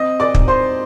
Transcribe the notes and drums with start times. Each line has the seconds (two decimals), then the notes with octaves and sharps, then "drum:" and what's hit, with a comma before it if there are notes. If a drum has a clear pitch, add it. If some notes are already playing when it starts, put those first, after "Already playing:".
Already playing: C4 D#5 D#6
0.20 D5 D6
0.35 D#4, drum: kick
0.48 C5 C6